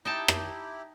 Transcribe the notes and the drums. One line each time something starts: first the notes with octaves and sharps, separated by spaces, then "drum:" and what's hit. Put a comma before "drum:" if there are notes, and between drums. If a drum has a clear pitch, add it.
D#4 E4 G4 G5 A5
drum: rim click